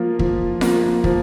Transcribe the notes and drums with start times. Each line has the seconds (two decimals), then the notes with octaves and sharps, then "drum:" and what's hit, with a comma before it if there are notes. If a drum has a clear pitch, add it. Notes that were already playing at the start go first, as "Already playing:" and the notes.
Already playing: F3 A#3 F4
0.19 F3, drum: kick
0.61 A#3 F4, drum: snare F4
1.04 F3, drum: kick